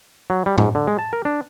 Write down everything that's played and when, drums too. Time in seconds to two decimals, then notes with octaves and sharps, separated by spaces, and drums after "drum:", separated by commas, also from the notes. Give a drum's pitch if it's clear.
0.30 F#3
0.46 G3
0.58 G#2, drum: tom A2
0.75 D3
0.87 G#3
0.99 A5
1.13 A#4
1.25 D4